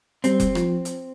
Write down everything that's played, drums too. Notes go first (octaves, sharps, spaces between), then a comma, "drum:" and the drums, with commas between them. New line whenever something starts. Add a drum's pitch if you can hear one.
G3 C4, drum: hi-hat
drum: kick F1, hi-hat
F3, drum: rim click
drum: hi-hat